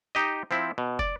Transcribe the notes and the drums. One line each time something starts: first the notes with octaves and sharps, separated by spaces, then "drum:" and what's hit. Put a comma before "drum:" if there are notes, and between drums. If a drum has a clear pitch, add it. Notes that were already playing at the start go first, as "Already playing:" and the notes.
D#4 G4 D#5
F3 C4 E4
B2
D5, drum: kick